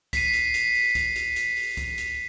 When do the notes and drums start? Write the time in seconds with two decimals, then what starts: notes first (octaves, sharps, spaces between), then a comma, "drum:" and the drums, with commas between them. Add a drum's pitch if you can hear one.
0.13 B6 C7 D#7, drum: kick, hi-hat
0.34 drum: hi-hat
0.54 drum: hi-hat
0.75 drum: open hi-hat
0.95 drum: kick, hi-hat
1.16 drum: hi-hat
1.36 drum: hi-hat
1.57 drum: open hi-hat
1.77 drum: kick, hi-hat
1.98 drum: hi-hat